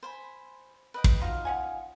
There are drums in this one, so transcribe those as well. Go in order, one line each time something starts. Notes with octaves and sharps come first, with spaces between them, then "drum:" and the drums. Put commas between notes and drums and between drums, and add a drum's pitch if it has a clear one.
C5 G#5 B5
B4 D#5 G5
drum: kick
D#4 F4 F#4 F5
C#4 F#5 G#5